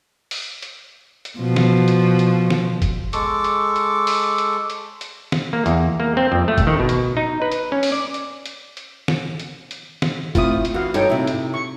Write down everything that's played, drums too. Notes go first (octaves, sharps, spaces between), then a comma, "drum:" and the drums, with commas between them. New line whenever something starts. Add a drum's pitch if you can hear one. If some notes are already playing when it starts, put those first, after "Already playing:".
drum: open hi-hat
drum: hi-hat
drum: hi-hat
B2 F3
drum: snare
drum: hi-hat
drum: hi-hat
drum: snare
drum: kick F#1, hi-hat
G#3 A4 C#6 D6, drum: hi-hat
drum: hi-hat
drum: hi-hat
drum: open hi-hat
drum: hi-hat
drum: hi-hat
drum: hi-hat
drum: snare
A#3
E2, drum: hi-hat
A#3
C4
F2
A3
drum: kick F#1, hi-hat
D#3
B2
drum: hi-hat
D#4
B4
drum: hi-hat
C#4
drum: open hi-hat
D5
drum: hi-hat
drum: hi-hat
drum: hi-hat
drum: snare
drum: hi-hat
drum: hi-hat
drum: snare
A3 C4 E4 F4 D#6, drum: kick F#1, hi-hat
drum: hi-hat
E3 F#4 F5
G2 D#4 A4 C#5 G5, drum: hi-hat
C3 E4
drum: hi-hat
C#6